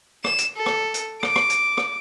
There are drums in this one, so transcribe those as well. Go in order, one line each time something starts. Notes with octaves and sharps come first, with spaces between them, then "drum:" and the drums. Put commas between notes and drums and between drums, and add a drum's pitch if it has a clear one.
E7, drum: rim click
drum: hi-hat
A4
drum: rim click
drum: hi-hat
D6, drum: rim click
drum: rim click
drum: hi-hat
drum: rim click